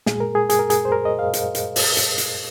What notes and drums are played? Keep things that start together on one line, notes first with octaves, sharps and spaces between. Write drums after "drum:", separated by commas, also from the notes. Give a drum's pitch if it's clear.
A#2 G#3 G#4, drum: snare
A#4
G#4
G#4, drum: hi-hat
A#4
G#4, drum: hi-hat
C5
A#4
D#5
F5
drum: hi-hat
drum: hi-hat
drum: open hi-hat
drum: hi-hat
drum: hi-hat